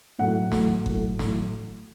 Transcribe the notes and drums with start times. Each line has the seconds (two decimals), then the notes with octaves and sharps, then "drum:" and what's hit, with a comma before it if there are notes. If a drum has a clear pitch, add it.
0.19 A2 F#3 A3 F#5
0.52 A2 F#3 A3, drum: snare
0.86 A2 F#3 A3, drum: kick G1
1.19 A2 F#3, drum: snare